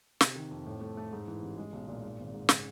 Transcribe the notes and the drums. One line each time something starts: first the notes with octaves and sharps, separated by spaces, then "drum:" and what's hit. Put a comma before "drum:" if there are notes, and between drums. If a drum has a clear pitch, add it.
C3, drum: snare
D#3
F2
A2
A3
A3
G#2
E3
A1
G#3
B1
A#2
G#2
G#1
G#2
C#3, drum: snare